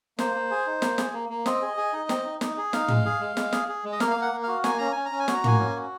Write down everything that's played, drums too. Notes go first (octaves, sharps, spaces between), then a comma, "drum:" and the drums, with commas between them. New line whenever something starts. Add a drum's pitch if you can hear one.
A#3 C5, drum: snare
A#3
G#4
D#4
A#3, drum: snare
G#4, drum: snare
A#3
A#3
C4 D#5, drum: snare
G#4
G#4
D#4
C4, drum: snare
D#4
D#4, drum: snare
G#4
D#4 F5, drum: snare
G#3, drum: tom
G#4
G#3
G#3, drum: snare
G#4, drum: snare
G#4
G#3
D#5
A#3 F5, drum: snare
F5
A#3
F#5
A#3
F#4 F5
A#3 G#5, drum: snare
C#4 A#5
C#4 G#5
A#5
C#4
G#5
F#4, drum: snare
A#5
A#3 G#5, drum: tom
C#4
F#4